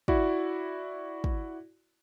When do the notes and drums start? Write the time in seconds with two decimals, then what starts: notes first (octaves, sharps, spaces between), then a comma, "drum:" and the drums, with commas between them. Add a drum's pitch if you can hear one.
0.08 E4 F#4 D5, drum: kick
1.24 drum: kick